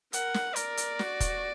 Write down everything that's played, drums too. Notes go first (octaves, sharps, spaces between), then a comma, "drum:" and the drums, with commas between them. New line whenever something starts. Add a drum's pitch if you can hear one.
A#4 F#5, drum: hi-hat
drum: snare
A#4 D5, drum: hi-hat
drum: hi-hat
F#4, drum: snare
drum: kick, hi-hat